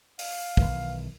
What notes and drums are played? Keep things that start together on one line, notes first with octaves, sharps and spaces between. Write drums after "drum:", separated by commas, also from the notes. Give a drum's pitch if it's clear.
F5, drum: open hi-hat
B1 D#3 E3, drum: kick